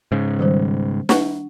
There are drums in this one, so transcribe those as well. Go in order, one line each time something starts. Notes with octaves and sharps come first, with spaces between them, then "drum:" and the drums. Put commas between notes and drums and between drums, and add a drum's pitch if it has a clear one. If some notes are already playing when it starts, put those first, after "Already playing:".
G#2 C#3
D#3 G3 C5
D4 F#5 C#6, drum: snare